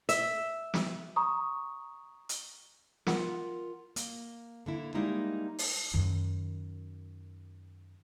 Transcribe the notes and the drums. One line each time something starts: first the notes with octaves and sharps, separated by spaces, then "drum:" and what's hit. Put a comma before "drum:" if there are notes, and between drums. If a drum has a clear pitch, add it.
E5, drum: hi-hat
drum: snare
A#5 C#6 D#6
drum: hi-hat
F4 A#4 F#5, drum: snare
A#3, drum: hi-hat
D3 A#3 E4
G3 G#3 A#3 D#4 E4
drum: open hi-hat
F#2 D#3